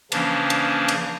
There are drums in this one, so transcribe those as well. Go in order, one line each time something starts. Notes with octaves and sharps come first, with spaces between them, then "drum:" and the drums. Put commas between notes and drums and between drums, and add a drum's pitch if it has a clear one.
C#3 E3 F3 A#3 C#4 D4, drum: cymbal
drum: cymbal
drum: cymbal